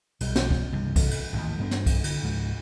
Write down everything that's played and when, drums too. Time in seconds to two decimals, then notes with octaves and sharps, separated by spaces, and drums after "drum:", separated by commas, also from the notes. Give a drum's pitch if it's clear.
0.21 B1 G3, drum: cymbal
0.36 drum: snare
0.51 drum: kick
0.73 C2 G2 C#3
0.96 drum: kick, cymbal
1.11 drum: cymbal
1.33 D#1 A1 D#2
1.59 G2 B3 D4
1.71 drum: snare
1.86 drum: kick, cymbal
2.04 D3, drum: cymbal
2.23 C#2 G#2